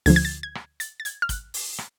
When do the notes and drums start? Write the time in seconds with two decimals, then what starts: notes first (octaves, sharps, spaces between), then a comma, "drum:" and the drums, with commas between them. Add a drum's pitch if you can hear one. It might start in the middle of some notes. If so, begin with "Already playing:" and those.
0.06 D2 D3 F3 G#6, drum: open hi-hat
0.16 G#6
0.25 A6
0.43 G#6
0.55 drum: rim click
0.80 A6, drum: hi-hat
1.00 A6
1.05 G#6, drum: hi-hat
1.22 F6
1.29 F#6, drum: kick, hi-hat
1.54 drum: open hi-hat
1.78 drum: rim click